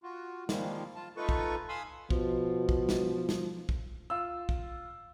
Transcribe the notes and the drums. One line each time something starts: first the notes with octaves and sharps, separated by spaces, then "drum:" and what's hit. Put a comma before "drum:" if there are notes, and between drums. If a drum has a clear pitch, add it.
F4 F#4
D#3 F3 G3 G#3 A#3, drum: snare
F4 A5
A3 D#4 F4 A4 B4 C#6
drum: kick
F5 G#5 B5 C6 D#6 E6
B2 F3, drum: kick
drum: kick
drum: snare
drum: snare
drum: kick
F4 E6
drum: kick